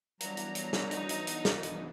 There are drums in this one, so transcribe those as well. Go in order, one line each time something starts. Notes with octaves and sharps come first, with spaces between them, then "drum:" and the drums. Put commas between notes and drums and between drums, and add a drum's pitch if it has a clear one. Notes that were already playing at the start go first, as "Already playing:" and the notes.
E3 F#3 G3 B3 D4 A#5, drum: hi-hat
drum: hi-hat
drum: hi-hat
drum: snare
D#4, drum: hi-hat
drum: hi-hat
drum: hi-hat
drum: snare
drum: hi-hat